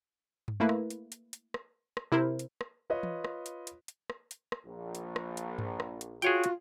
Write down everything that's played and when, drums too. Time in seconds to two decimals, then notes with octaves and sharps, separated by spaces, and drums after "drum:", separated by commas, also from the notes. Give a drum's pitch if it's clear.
0.48 drum: tom G2
0.60 A3 A#3 E4 B4
0.69 drum: rim click
0.90 drum: hi-hat
1.12 drum: hi-hat
1.33 drum: hi-hat
1.54 drum: rim click
1.97 drum: rim click
2.12 C3 E4 A#4 C5
2.39 drum: hi-hat
2.61 drum: rim click
2.90 F4 B4 C#5 D#5
3.03 drum: tom E3
3.24 drum: rim click
3.46 drum: hi-hat
3.67 drum: hi-hat
3.88 drum: hi-hat
4.10 drum: rim click
4.31 drum: hi-hat
4.52 drum: rim click
4.66 A#1
4.95 drum: hi-hat
5.16 drum: rim click
5.37 drum: hi-hat
5.58 drum: tom G2
5.80 drum: rim click
6.01 drum: hi-hat
6.22 F4 F#4 G#4 C#5 G5, drum: hi-hat
6.44 drum: hi-hat